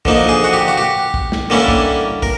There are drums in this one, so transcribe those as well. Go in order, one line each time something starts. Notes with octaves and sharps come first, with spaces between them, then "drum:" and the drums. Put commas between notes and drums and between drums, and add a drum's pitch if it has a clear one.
D3 F3 A#3 D#4, drum: kick
G#4
F#4
G4
F#4
G4
drum: kick
drum: snare
D3 G3 A#3 C#4 E4
drum: kick
A#4, drum: kick